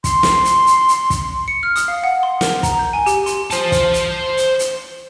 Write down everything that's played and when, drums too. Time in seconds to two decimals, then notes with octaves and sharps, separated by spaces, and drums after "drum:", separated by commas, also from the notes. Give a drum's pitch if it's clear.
0.04 C6, drum: kick, hi-hat
0.23 drum: snare
0.45 drum: hi-hat
0.67 drum: hi-hat
0.88 drum: hi-hat
1.10 drum: kick, hi-hat
1.48 C#7
1.63 F6
1.76 D#6, drum: hi-hat
1.88 F5
2.04 F#5
2.23 C6
2.41 A#4, drum: snare
2.63 A#5, drum: kick, hi-hat
2.79 G6
2.93 G#5
3.06 G4, drum: hi-hat
3.26 C6, drum: hi-hat
3.50 C5 A5, drum: hi-hat
3.72 drum: kick, hi-hat
3.94 drum: hi-hat
4.37 drum: hi-hat
4.59 drum: hi-hat